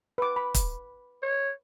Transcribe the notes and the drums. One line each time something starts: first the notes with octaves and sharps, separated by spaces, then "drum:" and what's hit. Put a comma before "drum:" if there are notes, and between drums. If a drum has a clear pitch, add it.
B4 D6
B5
drum: kick, hi-hat
C#5